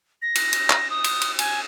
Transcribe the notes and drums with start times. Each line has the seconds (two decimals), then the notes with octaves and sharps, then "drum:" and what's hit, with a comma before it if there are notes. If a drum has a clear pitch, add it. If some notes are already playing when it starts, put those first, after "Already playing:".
0.22 A#6
0.35 drum: cymbal
0.53 drum: cymbal
0.70 drum: clap
0.90 D#6
1.04 drum: cymbal
1.21 drum: cymbal
1.39 G#5, drum: cymbal